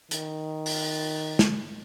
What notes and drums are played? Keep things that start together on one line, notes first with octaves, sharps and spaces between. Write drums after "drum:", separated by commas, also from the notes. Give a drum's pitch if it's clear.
D#3, drum: hi-hat
drum: open hi-hat
drum: snare